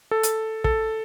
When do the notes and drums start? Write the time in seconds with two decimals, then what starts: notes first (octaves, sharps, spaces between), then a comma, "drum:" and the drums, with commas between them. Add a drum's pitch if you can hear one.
0.11 A4
0.23 drum: hi-hat
0.64 A4, drum: kick